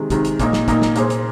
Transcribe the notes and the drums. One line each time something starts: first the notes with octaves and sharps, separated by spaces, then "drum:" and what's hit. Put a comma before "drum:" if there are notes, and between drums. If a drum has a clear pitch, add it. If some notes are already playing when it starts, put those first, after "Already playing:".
Already playing: C3 D#3 G#3
C3 D#3 G#3, drum: kick, hi-hat
drum: hi-hat
A#2 A#3 D#4, drum: kick, hi-hat
drum: snare
A#2 A#3 D#4, drum: kick, hi-hat
drum: snare
A#2 A#3 G#4 C5, drum: hi-hat
drum: hi-hat